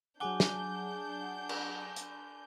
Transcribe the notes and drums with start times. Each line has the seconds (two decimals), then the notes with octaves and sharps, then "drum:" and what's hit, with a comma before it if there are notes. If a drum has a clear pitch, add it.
0.20 F#3 D4 G#4 F#5 G#5 D6 G6 G7
0.40 drum: snare
1.49 drum: cymbal
1.96 drum: hi-hat